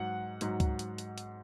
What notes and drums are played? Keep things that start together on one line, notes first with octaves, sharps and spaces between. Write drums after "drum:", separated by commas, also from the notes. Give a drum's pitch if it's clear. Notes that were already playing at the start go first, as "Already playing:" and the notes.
Already playing: G#2 F#3 F#5
G#2 F#3, drum: hi-hat
drum: kick C#2, hi-hat
drum: hi-hat
drum: hi-hat
drum: hi-hat